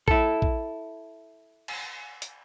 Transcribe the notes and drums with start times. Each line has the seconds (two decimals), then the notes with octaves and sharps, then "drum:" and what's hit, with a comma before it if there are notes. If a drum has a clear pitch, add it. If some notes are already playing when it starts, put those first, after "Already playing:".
0.08 E4 A4, drum: kick
0.42 drum: kick
1.68 drum: cymbal
2.22 drum: hi-hat